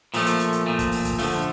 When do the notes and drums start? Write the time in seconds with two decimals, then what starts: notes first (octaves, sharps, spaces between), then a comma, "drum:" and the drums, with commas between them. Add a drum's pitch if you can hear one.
0.14 A#2 F3 A3, drum: open hi-hat
0.26 drum: hi-hat
0.39 drum: hi-hat
0.53 drum: hi-hat
0.66 A#2 F3 A3
0.79 drum: kick, hi-hat
0.92 drum: open hi-hat
1.05 drum: kick, hi-hat
1.19 D3 F3 A3, drum: open hi-hat